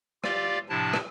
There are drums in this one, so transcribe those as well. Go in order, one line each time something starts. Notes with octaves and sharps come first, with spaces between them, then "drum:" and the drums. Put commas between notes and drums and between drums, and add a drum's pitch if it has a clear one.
F4 G4 D5 F5, drum: rim click
A2 C3 F3 D4 E4 A5
drum: rim click